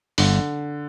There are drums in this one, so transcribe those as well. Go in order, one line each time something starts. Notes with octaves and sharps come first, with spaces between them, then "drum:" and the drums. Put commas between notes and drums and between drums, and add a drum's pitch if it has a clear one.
G1 D3, drum: open hi-hat